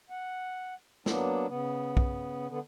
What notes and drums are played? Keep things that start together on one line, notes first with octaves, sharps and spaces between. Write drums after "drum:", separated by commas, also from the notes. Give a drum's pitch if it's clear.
F#5
F#3 A#3 B3 D4, drum: snare
C#3 B3
drum: kick
D3 B3